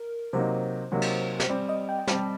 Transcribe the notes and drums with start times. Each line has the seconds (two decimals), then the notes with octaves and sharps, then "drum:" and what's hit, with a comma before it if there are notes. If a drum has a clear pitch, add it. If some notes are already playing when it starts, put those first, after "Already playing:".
Already playing: A#4
0.33 C3 F#3 A#3 D#4 C5
0.92 C3 F#3 A#3 D#4
1.02 drum: cymbal
1.40 drum: snare
1.49 G3 C4 G4 D5
1.69 D#5
1.89 G5
1.99 G5
2.07 G3 C4 G4 A5, drum: snare